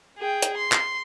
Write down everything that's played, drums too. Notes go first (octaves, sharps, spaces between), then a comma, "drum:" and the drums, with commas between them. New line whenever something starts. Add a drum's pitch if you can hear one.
G#4 G5
drum: hi-hat
C6
drum: clap